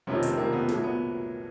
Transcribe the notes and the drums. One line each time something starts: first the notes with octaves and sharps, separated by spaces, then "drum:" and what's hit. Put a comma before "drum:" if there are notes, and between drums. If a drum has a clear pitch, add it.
F1 F2 C3 D#3 C#4
C4, drum: hi-hat
F1 F2 C3 D#3 A#3
B3
C2 A#2 F#3 A3, drum: snare
B3